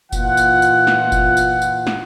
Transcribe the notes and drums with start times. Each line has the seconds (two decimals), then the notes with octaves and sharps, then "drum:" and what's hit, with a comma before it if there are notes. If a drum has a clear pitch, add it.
0.12 A#2 E3 F4 F#5, drum: kick F#1, tambourine
0.37 drum: tambourine
0.62 drum: tambourine
0.87 drum: snare
1.12 drum: kick F#1, tambourine
1.37 drum: tambourine
1.62 drum: tambourine
1.87 drum: snare